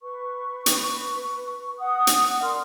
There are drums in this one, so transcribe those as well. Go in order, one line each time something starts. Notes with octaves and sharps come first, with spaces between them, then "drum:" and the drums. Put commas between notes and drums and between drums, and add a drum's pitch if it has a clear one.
B4 C#6
drum: hi-hat
F#5 D#6
drum: hi-hat
A#4 D5 C6 F6